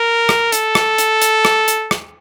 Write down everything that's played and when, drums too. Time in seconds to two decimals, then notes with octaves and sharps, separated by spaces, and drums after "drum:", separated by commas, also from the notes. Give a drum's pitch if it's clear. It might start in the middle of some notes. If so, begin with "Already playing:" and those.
Already playing: A#4
0.29 drum: rim click
0.52 A4, drum: hi-hat
0.75 drum: rim click
0.98 drum: hi-hat
1.22 drum: hi-hat
1.45 drum: rim click
1.68 drum: hi-hat
1.91 drum: rim click